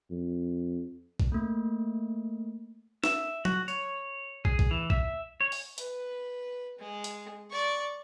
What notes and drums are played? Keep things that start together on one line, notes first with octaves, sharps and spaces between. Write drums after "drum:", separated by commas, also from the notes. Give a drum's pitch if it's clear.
F2
drum: kick
A3 A#3
E5, drum: snare
F#4, drum: tom F#3
C#5, drum: tambourine
G#4, drum: kick
drum: kick
E3
E5, drum: kick
C#5
drum: open hi-hat
B4, drum: hi-hat
G#3
drum: hi-hat
D5 C#6